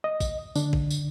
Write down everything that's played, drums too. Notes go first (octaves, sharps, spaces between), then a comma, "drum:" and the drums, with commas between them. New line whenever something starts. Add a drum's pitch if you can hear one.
D#5
drum: kick, tambourine
D3 D4, drum: tambourine
drum: kick
drum: tambourine